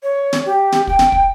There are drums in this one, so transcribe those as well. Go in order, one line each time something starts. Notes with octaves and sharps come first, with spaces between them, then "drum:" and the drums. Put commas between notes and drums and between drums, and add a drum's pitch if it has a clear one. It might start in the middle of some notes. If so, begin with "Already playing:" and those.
C#5
drum: snare
G4
drum: snare
G5, drum: kick
drum: snare
drum: kick